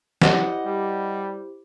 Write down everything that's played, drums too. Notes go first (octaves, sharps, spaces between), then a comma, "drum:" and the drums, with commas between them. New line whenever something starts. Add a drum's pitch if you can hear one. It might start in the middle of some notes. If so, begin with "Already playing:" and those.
E4 G4 C5 D#5 F#5, drum: snare
G3